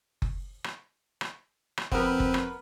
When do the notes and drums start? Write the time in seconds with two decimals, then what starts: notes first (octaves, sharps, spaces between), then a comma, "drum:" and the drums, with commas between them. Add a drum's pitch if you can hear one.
0.22 drum: kick F#1
0.64 drum: rim click
1.21 drum: rim click
1.77 drum: rim click
1.92 F2 B3 C4 A#4 B4, drum: kick F#1
2.20 drum: kick F#1
2.34 drum: rim click